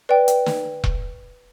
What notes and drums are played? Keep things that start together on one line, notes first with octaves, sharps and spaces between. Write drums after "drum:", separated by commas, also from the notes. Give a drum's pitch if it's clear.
B4 D5 G5
drum: hi-hat
drum: snare
drum: kick E1